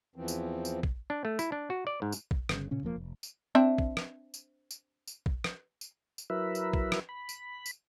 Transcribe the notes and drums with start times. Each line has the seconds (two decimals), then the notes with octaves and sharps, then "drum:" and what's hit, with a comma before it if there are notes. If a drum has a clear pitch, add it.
0.16 E2 E3 F3 C4
0.28 drum: tambourine
0.65 drum: tambourine
0.83 drum: kick
1.10 D4
1.25 A3
1.39 E4, drum: tambourine
1.52 D4
1.70 F#4
1.87 D5
2.02 G#2
2.12 drum: tambourine
2.31 drum: kick
2.49 G1 C#3, drum: rim click
2.71 A#2 C#3 C#4
2.83 E1 F3 A#3
2.96 F1
3.23 drum: tambourine
3.55 C4 D4 E5
3.78 drum: kick
3.97 drum: rim click
4.34 drum: tambourine
4.71 drum: tambourine
5.08 drum: tambourine
5.26 drum: kick
5.44 drum: rim click
5.81 drum: tambourine
6.18 drum: tambourine
6.30 F#3 E4 A#4 B4 E5
6.55 drum: tambourine
6.73 drum: kick
6.92 drum: rim click
7.09 B5
7.29 drum: tambourine
7.66 drum: tambourine